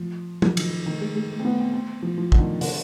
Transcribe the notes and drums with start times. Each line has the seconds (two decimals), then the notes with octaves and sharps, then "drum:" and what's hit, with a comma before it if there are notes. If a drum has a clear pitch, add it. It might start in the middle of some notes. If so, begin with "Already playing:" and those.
Already playing: F3
0.42 F3, drum: tom F#3
0.57 D#3, drum: cymbal
0.86 D#3
1.01 G#3
1.15 G#3
1.30 A3
1.39 C4
1.45 B3
1.60 C4
1.74 C4
2.03 F3
2.18 F3
2.32 D3, drum: kick
2.39 D#3
2.61 D3, drum: open hi-hat